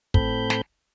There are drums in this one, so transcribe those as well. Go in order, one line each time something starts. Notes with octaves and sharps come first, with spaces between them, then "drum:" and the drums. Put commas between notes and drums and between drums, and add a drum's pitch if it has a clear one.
A2 C4 A4 B5 G6, drum: kick
drum: snare